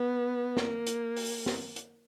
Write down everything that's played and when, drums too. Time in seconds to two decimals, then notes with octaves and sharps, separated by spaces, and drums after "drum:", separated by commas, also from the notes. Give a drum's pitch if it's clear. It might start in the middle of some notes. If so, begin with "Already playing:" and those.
Already playing: B3
0.57 A#3, drum: snare
0.87 drum: hi-hat
1.16 drum: open hi-hat
1.46 drum: snare
1.76 drum: hi-hat